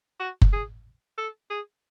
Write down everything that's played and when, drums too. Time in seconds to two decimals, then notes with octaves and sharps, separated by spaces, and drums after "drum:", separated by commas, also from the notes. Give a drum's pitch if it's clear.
0.20 F#4
0.42 drum: kick F#1
0.53 G#4
1.18 A4
1.50 G#4